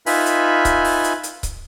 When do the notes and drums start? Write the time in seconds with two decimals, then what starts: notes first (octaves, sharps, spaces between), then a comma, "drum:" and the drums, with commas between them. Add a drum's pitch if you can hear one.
0.06 D#4 F4 B4 E5 G#5 B5, drum: open hi-hat
0.26 drum: hi-hat
0.65 drum: kick C#1, hi-hat
0.84 drum: open hi-hat
1.04 drum: hi-hat
1.24 drum: hi-hat
1.43 drum: kick C#1, hi-hat